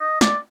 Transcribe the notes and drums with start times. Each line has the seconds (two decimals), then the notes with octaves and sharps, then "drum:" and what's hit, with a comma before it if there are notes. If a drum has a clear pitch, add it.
0.01 D#5
0.21 D5, drum: snare